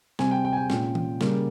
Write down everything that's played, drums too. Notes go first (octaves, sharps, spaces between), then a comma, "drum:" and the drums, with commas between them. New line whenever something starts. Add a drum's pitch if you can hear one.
C3 G3 C4 G#5, drum: snare
G5
G5
G#5
G5
A#2 G#3 C#4, drum: snare
drum: tom
C#3 G3 A#3, drum: snare